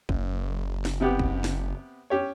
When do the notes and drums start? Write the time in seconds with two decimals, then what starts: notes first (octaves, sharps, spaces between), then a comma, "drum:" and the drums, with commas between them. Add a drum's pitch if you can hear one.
0.09 F#1, drum: kick
0.85 drum: snare
1.01 C3 B3 G4
1.19 drum: kick
1.44 drum: snare
2.10 C#4 G4 C#5